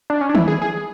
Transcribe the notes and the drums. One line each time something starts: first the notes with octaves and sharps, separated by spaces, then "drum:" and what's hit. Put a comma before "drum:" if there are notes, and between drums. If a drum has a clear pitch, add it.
D4
C#4
D4
E4, drum: tom D#3
G#4
G#4